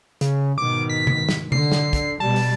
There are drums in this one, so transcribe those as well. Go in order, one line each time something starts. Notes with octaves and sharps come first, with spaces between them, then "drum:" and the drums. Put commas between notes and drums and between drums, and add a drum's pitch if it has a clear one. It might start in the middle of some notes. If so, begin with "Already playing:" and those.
C#3, drum: hi-hat
G#2 B2 D#3 D6
B6
drum: tom C3
drum: snare
D3 C7, drum: tom C3
drum: snare
drum: kick, hi-hat
B2 G3 A5
drum: open hi-hat